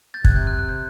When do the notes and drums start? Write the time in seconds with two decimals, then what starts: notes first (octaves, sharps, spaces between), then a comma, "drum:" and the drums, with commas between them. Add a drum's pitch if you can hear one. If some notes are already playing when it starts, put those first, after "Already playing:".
0.14 G6 A6
0.25 C3 F#6 G#6, drum: kick
0.36 G6
0.47 F#6
0.59 F#6
0.69 G6